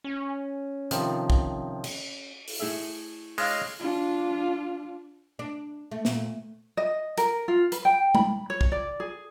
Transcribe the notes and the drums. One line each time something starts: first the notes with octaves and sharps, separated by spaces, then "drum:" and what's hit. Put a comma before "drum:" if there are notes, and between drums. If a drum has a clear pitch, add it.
C#4
C3 D#3 F3, drum: hi-hat
drum: kick
drum: cymbal
drum: open hi-hat
A2 G#4 E5
G#3 D4 C#5 D#5 F5, drum: open hi-hat
D4 F4
D4
A3
A#2, drum: snare
D#5
A#4, drum: hi-hat
F4
B4, drum: hi-hat
G5
B5, drum: tom G#3
C#5
drum: kick
D5
G#4